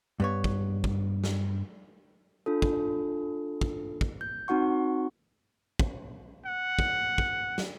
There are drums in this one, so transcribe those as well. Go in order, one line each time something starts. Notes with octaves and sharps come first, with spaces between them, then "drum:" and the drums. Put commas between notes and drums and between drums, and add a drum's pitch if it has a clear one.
G2 B3 C#5
drum: kick
drum: kick
drum: snare
D4 F4 A4
drum: kick
drum: kick
drum: kick
G6
C4 D#4 F#4 F#5 C#6
drum: kick
F#5
drum: kick
drum: kick
drum: snare